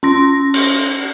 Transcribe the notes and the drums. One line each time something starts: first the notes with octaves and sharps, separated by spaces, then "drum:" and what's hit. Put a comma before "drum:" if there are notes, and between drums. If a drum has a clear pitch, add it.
C#4 C6 A#6
drum: cymbal